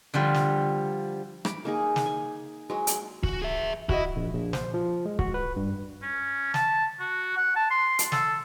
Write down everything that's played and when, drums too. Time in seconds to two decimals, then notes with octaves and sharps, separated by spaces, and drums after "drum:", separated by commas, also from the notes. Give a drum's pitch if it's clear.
0.14 D3 F3 G3 F4
0.34 drum: snare
1.45 B5 D6, drum: rim click
1.65 A#3 D#4 G#4
1.96 drum: snare
2.06 G#5
2.70 F#3 G#3
2.87 drum: hi-hat
3.23 F#4, drum: kick
3.42 G#4 E5
3.89 E4 F#4 D#5, drum: kick
4.16 A#1
4.34 A#1
4.53 C5, drum: snare
4.74 F3
5.05 G#3
5.19 F#4, drum: kick
5.34 B4
5.56 G2
6.02 C#4
6.54 A5, drum: snare
7.00 F#4
7.37 F#5
7.56 A5
7.70 C6
7.99 drum: hi-hat
8.12 A4, drum: snare